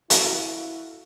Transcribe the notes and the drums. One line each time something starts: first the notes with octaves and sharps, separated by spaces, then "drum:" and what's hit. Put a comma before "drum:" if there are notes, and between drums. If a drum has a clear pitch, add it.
E4 F#4 A4 D5 E5 F5, drum: hi-hat